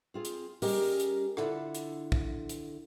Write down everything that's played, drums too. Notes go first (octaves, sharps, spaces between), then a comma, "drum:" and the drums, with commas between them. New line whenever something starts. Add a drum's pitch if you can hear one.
C4 F4 G#4
drum: hi-hat
G3 C#4 G4 G#4 A#4 D#5, drum: open hi-hat
drum: hi-hat
D3 E4 F4 A4 D5 F#5, drum: rim click
drum: hi-hat
drum: kick
drum: hi-hat